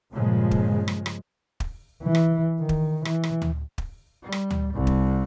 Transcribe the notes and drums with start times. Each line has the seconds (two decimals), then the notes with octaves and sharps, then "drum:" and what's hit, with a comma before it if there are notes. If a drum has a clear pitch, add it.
0.12 G2 A#2 C#3 F3 G#3
0.51 drum: kick
0.88 drum: rim click
1.06 drum: rim click
1.60 drum: kick
2.03 E3
2.15 drum: rim click
2.60 D#3
2.69 drum: kick
3.05 E3, drum: rim click
3.23 drum: rim click
3.42 drum: tom D2
3.78 drum: kick
4.23 G3
4.32 drum: rim click
4.51 drum: tom D2
4.73 C2
4.87 drum: kick